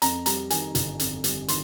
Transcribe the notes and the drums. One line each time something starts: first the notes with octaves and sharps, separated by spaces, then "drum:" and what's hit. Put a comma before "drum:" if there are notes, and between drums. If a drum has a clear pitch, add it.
F2 A#5, drum: hi-hat
G3 A#5, drum: hi-hat
D#3 G#5, drum: hi-hat
G1, drum: hi-hat
F2, drum: hi-hat
G3, drum: hi-hat
D#3 C6, drum: hi-hat